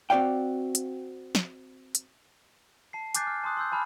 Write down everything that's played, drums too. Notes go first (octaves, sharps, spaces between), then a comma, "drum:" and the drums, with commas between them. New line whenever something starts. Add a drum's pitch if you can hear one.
C4 F#4 D5 F5 G5
drum: hi-hat
drum: snare
drum: hi-hat
A5 C7
G#5 D6 F#6 G6 A6 C7, drum: hi-hat
F6
A5 C6 D#6 F#6
C6 E6 G6
G#5 A5 B5 F6 G6